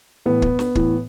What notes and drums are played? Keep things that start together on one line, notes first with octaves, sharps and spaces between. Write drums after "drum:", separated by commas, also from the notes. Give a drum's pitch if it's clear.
A2 E3 B3
drum: kick
drum: snare
A2 E3, drum: kick